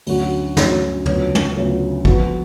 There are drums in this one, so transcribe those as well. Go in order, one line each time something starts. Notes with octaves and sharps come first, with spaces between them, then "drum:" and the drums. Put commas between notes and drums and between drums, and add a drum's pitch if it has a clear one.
D2 D3 F#3 C#4 F#4, drum: open hi-hat
D2 D3 F#3 C#4 F#4, drum: snare
D2 C#3 F#3 B3 F4, drum: tom
drum: tom
D2 C#3 F#3 B3 F4
F2 F3 B3 F#4, drum: kick A1